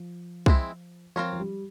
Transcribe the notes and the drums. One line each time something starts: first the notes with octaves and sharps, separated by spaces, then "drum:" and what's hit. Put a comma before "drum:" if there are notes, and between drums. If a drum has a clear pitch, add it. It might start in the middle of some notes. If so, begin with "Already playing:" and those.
Already playing: F3
G#3 C4 E4, drum: kick C2
F3 C4 F4 A#4 C#5
F3
G3